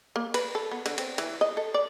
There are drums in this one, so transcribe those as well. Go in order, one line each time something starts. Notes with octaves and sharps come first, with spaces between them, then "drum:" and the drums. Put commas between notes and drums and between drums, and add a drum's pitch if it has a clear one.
A#3
B4, drum: cymbal
A4
B3
D3, drum: cymbal
C4, drum: cymbal
E3, drum: cymbal
D#5
A4
D5